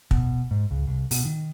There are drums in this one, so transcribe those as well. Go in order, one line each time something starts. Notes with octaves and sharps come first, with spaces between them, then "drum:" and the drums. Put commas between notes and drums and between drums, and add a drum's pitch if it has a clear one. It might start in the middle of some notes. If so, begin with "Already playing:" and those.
B2, drum: kick
G#2
C#2
C2
B2, drum: open hi-hat
D#3